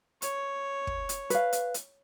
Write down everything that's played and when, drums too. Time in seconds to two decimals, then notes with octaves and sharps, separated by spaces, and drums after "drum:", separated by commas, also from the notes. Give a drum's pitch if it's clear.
0.22 C#5, drum: hi-hat
0.87 drum: kick
1.09 drum: hi-hat
1.30 B4 F5, drum: hi-hat
1.53 drum: hi-hat
1.74 drum: hi-hat